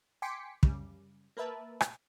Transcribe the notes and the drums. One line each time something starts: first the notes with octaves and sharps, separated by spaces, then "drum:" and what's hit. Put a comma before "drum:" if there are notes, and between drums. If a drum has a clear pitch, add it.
G5 G#5 C6 D6 B6 C#7
F#2 C#3 G3, drum: kick
A#3 A#4 B4 E5 A5
drum: rim click